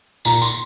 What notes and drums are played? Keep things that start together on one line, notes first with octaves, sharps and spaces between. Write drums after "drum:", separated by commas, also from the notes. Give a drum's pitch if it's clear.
A#2 A#5, drum: tambourine
C6, drum: tambourine